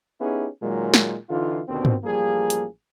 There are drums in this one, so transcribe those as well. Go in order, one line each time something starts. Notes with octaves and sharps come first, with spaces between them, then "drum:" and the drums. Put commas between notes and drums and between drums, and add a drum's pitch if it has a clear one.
B3 C#4 D#4 E4 G4 G#4
A#2 D#3 F#3 G#3
drum: snare
D3 E3 D#4 F4
D#2 B2 D3 C4
drum: tom
A1 F3 G3 A#3 G#4
drum: hi-hat